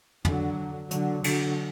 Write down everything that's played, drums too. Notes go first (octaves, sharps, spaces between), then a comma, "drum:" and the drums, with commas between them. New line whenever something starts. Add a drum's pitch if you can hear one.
D3 F#3, drum: tom
D3 F#3, drum: hi-hat
D3 F#3, drum: cymbal